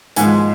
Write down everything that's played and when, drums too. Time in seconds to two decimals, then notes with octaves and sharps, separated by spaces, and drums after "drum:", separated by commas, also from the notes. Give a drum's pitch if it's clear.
0.16 G#2 F3 G#3 F#5 G#5, drum: hi-hat